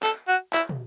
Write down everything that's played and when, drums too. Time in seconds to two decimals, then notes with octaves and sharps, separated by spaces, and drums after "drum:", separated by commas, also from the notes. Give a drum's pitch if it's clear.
0.03 A4, drum: clap
0.28 F#4
0.53 E4, drum: clap
0.69 drum: tom